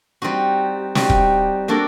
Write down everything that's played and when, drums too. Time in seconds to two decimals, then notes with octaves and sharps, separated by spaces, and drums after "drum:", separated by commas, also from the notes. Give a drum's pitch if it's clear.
0.22 G3 C4 D#4 F#4
0.95 G3 C4 D#4 F#4, drum: snare
1.09 drum: kick
1.68 A#3 D4 F#4 A4